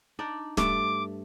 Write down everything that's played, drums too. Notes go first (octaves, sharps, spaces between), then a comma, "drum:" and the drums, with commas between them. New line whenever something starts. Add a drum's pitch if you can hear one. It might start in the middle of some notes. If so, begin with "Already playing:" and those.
D4 D#4 D5
G2 A3 D4 D6, drum: snare